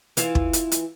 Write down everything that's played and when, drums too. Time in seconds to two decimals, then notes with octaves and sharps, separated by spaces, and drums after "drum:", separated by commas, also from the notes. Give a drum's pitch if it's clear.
0.17 E3 F4, drum: hi-hat
0.35 drum: kick
0.53 drum: hi-hat
0.72 drum: hi-hat